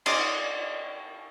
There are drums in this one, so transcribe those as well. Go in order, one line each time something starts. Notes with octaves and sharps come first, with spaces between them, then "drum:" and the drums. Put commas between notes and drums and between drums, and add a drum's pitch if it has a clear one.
D5 D#5 C6, drum: cymbal